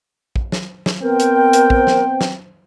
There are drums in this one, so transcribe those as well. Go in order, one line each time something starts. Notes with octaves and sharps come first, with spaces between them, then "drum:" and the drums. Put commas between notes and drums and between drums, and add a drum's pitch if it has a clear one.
drum: kick
drum: snare
drum: snare
B3 C4 A#4 G5
drum: hi-hat
drum: hi-hat
drum: kick
drum: snare
drum: snare